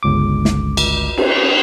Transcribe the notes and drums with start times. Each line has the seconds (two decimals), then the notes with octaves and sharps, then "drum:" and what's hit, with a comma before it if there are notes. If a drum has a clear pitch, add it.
0.03 G1 C#2 D6
0.45 drum: snare
0.77 drum: cymbal
1.17 drum: cymbal